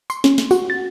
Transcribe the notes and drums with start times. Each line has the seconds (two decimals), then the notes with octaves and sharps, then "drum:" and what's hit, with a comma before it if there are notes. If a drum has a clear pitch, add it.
0.10 C6, drum: tambourine
0.24 C#4, drum: snare
0.38 drum: snare
0.51 F#4, drum: tambourine
0.70 A6